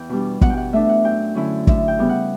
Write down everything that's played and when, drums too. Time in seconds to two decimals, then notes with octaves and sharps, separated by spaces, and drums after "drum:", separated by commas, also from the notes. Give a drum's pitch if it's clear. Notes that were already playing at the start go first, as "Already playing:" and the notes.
Already playing: E2 G5
0.09 B2 G3 D4
0.41 B2 F#5, drum: kick
0.50 G5
0.57 F#5
0.73 A3 D4 E5
0.89 F#5
1.04 F#2 G5
1.35 D3 F#3 C#4 E4
1.67 D2 E5, drum: kick
1.88 G5
1.98 C#3 G3 B3
2.09 F#5